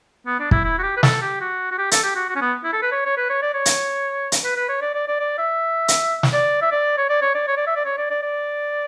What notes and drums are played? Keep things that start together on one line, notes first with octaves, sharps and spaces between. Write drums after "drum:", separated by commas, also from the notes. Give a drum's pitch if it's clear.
B3
D4
E4, drum: kick
E4
F#4
G4
B4
A4, drum: snare
G4
F#4
F#4
G4
A4, drum: hi-hat
G4
F#4
F#4
C#4
B3
E4
A4
B4
C#5
C#5
B4
C#5
D5
C#5
drum: hi-hat
drum: hi-hat
B4
B4
C#5
D5
D5
D5
D5
E5
drum: hi-hat
drum: snare
D5
E5
D5
C#5
D5
C#5
D5
C#5
D5
E5
D5
C#5
D5
D5
D5